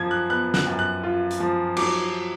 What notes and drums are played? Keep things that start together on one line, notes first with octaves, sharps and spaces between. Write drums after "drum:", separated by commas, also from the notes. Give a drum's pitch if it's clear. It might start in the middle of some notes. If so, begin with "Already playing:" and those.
Already playing: F#2 F3 F4 G#6
F#6
B3 F#6
F#6, drum: snare
F#2
F#6
F4
drum: hi-hat
F3
F#3 D6, drum: cymbal